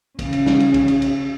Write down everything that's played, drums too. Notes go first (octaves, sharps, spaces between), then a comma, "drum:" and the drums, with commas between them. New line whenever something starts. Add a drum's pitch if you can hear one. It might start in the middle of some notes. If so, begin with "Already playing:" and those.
C#3, drum: kick, cymbal
drum: cymbal
drum: snare
drum: cymbal
drum: kick, cymbal
drum: cymbal
drum: cymbal